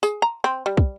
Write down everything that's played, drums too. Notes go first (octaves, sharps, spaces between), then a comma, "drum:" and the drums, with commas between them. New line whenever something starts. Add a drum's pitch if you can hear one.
G#4, drum: tambourine
A#5
C4
G3
drum: kick